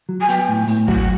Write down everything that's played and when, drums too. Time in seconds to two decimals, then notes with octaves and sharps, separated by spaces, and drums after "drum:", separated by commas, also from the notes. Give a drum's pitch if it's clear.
0.09 F#3
0.20 G#5
0.29 B3 G5, drum: hi-hat
0.49 A2
0.67 A2, drum: open hi-hat
0.88 F#3 F#5, drum: kick